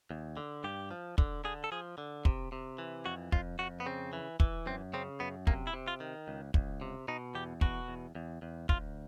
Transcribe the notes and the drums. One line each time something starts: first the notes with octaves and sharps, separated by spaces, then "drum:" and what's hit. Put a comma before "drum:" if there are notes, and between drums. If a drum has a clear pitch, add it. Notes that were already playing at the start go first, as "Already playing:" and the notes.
D#2
D3
G2 G4
F3
D3, drum: kick
D3 G#4
A4
F3 G#4
D3
C3, drum: kick
C3
E3
F2 F#4
F2 F4, drum: kick
F2 F#4
B3
C#3 C4
E3
E3, drum: kick
F#2 C4
C#3 C4
F#2 B3
C3 A#3, drum: kick
E4
C3
F4
D#3
C#2
C#2, drum: kick
C3
B2 D#4
E2 G4
B2 F#4, drum: kick
E2
E2
E2
D2 F4, drum: kick